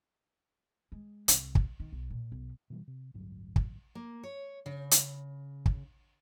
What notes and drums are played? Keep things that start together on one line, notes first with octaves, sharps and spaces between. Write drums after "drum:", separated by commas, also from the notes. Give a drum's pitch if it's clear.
G#3
C2, drum: hi-hat
drum: kick
D#3
B1
A#2
B1
B2 E3 G3
C3
A1 D2 G2 F#3
drum: kick
A#3
C#5
C#3
drum: hi-hat
drum: kick